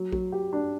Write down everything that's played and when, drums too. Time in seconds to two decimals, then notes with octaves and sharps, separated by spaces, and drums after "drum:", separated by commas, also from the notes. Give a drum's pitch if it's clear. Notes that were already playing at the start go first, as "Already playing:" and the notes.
Already playing: F#3
0.12 F#3, drum: kick A#1
0.32 G4
0.53 D4